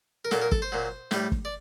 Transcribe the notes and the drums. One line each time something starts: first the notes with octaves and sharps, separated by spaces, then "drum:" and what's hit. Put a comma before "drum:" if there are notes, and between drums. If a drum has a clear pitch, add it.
A#4
A#2 F#3 A4, drum: snare
A#4
A4, drum: kick
C5
A#2 F#3
A2 G3, drum: snare
drum: kick
D5